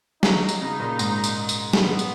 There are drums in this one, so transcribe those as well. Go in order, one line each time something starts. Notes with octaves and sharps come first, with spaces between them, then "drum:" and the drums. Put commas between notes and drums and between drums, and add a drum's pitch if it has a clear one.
F#3 D#4, drum: snare
drum: tambourine
C#3
A#2
G#2, drum: tambourine
drum: tambourine
drum: tambourine
B3, drum: snare
drum: tambourine